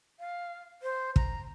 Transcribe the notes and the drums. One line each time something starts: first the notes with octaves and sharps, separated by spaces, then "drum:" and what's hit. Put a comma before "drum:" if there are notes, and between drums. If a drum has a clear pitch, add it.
F5
C5
A#5, drum: kick